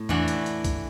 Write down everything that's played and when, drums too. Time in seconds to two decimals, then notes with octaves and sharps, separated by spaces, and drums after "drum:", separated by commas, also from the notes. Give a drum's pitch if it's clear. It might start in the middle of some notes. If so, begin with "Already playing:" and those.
Already playing: A2
0.09 E3 A3 D4 F#4, drum: tom E2
0.28 drum: hi-hat
0.46 drum: hi-hat
0.64 drum: kick C2, hi-hat